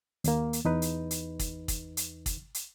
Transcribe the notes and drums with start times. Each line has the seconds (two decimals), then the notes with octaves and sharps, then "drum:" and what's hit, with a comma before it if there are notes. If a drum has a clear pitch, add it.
0.24 D#2 A#3, drum: hi-hat
0.53 drum: hi-hat
0.65 E2 D#4 B4
0.82 drum: hi-hat
1.11 drum: hi-hat
1.39 drum: kick, hi-hat
1.68 drum: kick, hi-hat
1.97 drum: hi-hat
2.26 drum: kick, hi-hat
2.55 drum: hi-hat